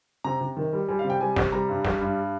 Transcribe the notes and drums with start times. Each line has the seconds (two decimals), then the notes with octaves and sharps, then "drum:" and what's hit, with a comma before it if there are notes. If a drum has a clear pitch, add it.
0.24 C3 A#5
0.41 C3
0.57 D#3
0.73 G3
0.88 G3 G#5
0.99 F5
1.05 C3
1.10 G5
1.21 G3 G#5
1.36 C3, drum: snare
1.52 G3 A#5
1.69 G2
1.85 G3, drum: snare
2.01 G2